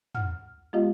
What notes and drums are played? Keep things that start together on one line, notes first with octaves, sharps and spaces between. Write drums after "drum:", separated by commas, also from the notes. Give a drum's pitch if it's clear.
F#5 F6, drum: tom
G#3 B3 F4 G4 D#5 F5